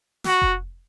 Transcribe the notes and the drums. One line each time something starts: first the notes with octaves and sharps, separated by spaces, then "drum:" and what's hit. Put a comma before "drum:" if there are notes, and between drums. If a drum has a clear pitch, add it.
F#4, drum: snare
drum: kick F1